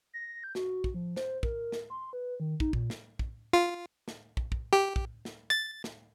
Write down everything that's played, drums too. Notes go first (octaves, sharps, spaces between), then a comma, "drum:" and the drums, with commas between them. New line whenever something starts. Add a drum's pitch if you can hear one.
A#6
G6
F#4, drum: snare
drum: kick
F3
C5, drum: snare
A#4, drum: kick
drum: snare
C6
B4
D#3
D#4, drum: kick
A#2, drum: kick
drum: snare
drum: kick
F4
drum: snare
drum: kick
drum: kick
G4
drum: kick
drum: snare
A6
drum: snare